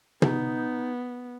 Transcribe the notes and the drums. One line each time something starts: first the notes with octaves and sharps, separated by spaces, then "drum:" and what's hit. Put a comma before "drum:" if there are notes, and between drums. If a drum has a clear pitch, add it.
B3 D#4, drum: tom